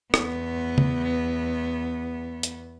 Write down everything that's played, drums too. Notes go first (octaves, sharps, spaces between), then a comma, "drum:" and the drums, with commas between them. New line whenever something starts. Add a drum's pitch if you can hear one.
E2 B3, drum: rim click
drum: tom C#3
drum: hi-hat